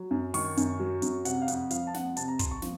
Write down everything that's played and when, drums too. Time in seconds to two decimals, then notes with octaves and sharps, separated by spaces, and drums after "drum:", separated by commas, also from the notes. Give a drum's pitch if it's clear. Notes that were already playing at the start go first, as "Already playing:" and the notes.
Already playing: F#3
0.11 F#2
0.34 D#3 C#6, drum: open hi-hat
0.57 F#2, drum: hi-hat
0.80 F#3
1.02 F#2, drum: hi-hat
1.25 C3 F#5, drum: hi-hat
1.42 F5
1.48 F2 F#5, drum: hi-hat
1.71 F3 F5, drum: hi-hat
1.87 A5
1.94 F2 F#5, drum: snare
2.17 C3 A5, drum: hi-hat
2.28 A#5
2.39 F2 C6, drum: kick, hi-hat
2.51 C#6
2.62 F3, drum: snare